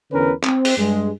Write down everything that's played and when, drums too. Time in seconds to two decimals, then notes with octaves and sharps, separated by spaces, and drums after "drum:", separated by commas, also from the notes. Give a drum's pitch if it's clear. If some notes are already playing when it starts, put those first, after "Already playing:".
0.11 E2 D3 C#4 A#4 B4
0.44 C4, drum: clap
0.65 drum: open hi-hat
0.78 G2 G#3